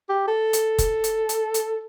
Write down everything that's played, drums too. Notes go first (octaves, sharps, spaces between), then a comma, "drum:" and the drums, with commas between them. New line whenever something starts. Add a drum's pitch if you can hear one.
G4
A4
drum: hi-hat
drum: kick F#1, hi-hat
drum: hi-hat
drum: hi-hat
drum: hi-hat